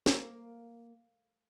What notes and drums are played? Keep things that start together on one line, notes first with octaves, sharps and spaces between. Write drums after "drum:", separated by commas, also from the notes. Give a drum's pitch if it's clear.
A#3, drum: snare